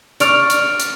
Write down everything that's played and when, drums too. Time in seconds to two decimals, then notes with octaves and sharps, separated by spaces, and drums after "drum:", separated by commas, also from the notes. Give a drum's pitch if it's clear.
0.20 D5 C#6 F6, drum: hi-hat
0.50 drum: hi-hat
0.80 drum: hi-hat